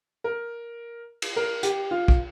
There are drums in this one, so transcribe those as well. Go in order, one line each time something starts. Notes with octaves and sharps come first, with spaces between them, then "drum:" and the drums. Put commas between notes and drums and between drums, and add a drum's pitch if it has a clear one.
A#4
drum: cymbal
A#4
G4, drum: hi-hat
F4
drum: kick